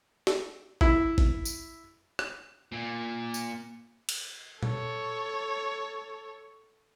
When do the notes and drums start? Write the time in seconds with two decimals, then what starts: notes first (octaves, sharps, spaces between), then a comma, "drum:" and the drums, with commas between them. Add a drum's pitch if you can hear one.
0.27 drum: snare
0.81 E4, drum: kick G#1
1.18 drum: kick G#1
1.45 drum: tambourine
2.19 drum: rim click
2.72 A#2
3.34 drum: tambourine
4.09 drum: cymbal
4.63 A4 C#5, drum: tom A#2